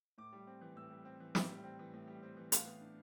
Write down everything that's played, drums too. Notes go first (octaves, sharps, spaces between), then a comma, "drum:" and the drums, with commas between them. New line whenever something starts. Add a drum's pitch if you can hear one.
A2 D6
G3
C4
E3
A2 E6
G3
C4
E3
A2, drum: snare
G3
C4
E3
A2
G3
C4
E3
A2 F5, drum: hi-hat
B3
D4